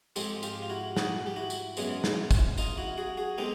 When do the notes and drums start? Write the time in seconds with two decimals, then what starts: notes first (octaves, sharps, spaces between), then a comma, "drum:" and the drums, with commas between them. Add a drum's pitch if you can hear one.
0.16 G#2 F3 G#3 C4 G4 A4, drum: tambourine
0.43 F4 G4, drum: tambourine
0.62 F4
0.70 E4 F#4
0.97 F#4 G#4, drum: snare
1.27 G4
1.36 E4 F#4
1.50 drum: tambourine
1.77 F#2 C#3 E3 G#3 B3, drum: tambourine
2.04 drum: snare
2.31 drum: kick, tambourine
2.58 D#4 F4, drum: tambourine
2.78 E4 F#4
2.98 F#4 G#4
3.17 F#4 G#4
3.38 B2 G#3 C4 D#4 G4 A4